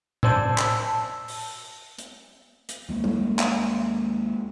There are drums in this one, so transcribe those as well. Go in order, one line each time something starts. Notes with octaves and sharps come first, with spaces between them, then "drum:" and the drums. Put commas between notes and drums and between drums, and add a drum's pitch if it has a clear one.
C5 D5 G#5 A5 E6, drum: tom A2
drum: clap
drum: open hi-hat
drum: hi-hat
drum: hi-hat
D#2 G#3 A#3
drum: tom G3
drum: clap